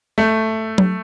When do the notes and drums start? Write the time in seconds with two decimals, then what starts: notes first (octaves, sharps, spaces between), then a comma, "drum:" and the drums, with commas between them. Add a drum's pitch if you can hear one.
0.18 A3
0.78 drum: tom F#3